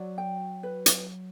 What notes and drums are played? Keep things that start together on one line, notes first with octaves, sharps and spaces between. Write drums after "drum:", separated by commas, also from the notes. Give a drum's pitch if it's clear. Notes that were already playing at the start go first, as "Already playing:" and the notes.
Already playing: F#3 D5
G5
B4
drum: hi-hat